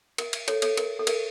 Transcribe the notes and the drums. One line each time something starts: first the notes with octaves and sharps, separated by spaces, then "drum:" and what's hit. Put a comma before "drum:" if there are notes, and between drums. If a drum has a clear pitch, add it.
A#4, drum: cymbal
drum: cymbal
A4 C#5, drum: cymbal
A4 C#5, drum: cymbal
A#4, drum: cymbal
A4
A#4, drum: cymbal